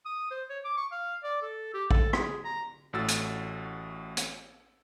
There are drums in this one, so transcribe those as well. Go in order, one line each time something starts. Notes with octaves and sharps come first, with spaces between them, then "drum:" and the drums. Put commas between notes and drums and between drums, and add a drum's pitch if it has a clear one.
D#6
C5
C#5
D6
C#6
F5
D5
A4
G4
A4, drum: kick
G#4, drum: rim click
A#5
A1 A2 F#4 E6 A6
drum: hi-hat
drum: hi-hat